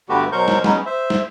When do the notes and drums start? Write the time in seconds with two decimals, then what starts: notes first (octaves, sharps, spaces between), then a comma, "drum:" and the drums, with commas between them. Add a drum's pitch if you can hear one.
0.09 G2 D3 A3 B3 F#4 G4
0.32 B2 F#3 A#4 C5 C#6 G6
0.48 drum: snare
0.64 F#3 G#3 B3 C#4 D#4, drum: snare
0.86 C5 E5
1.10 drum: snare